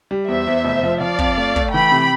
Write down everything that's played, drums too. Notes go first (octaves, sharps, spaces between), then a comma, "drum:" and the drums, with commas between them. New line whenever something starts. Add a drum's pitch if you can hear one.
G3
E2 C5 E5
E2
F1
F3
F3 D5 F5
F2, drum: kick
A3
A3, drum: kick
E3 G5 B5
C3